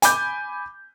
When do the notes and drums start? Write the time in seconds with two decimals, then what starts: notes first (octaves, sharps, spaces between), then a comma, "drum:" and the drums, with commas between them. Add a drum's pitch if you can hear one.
0.02 G#5 B5 D6 G6, drum: hi-hat